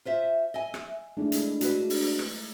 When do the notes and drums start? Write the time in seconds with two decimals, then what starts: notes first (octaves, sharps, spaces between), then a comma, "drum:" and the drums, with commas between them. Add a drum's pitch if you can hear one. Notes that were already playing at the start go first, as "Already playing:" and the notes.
0.05 F4 C5 E5
0.54 D#5 E5 G#5
0.74 drum: rim click
1.17 G#3 A3 D4 E4
1.32 drum: hi-hat
1.61 F#4 B4, drum: hi-hat
1.90 drum: open hi-hat
2.19 drum: rim click